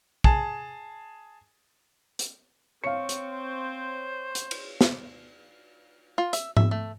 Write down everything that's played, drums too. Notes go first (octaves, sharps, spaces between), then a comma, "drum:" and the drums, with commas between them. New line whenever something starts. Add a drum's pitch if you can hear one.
G#4 A5, drum: kick
drum: hi-hat
C4 C#5 F5 C#7
drum: hi-hat
C5
drum: hi-hat
drum: cymbal
drum: snare
F4
E5, drum: hi-hat
E5, drum: tom G#2
A3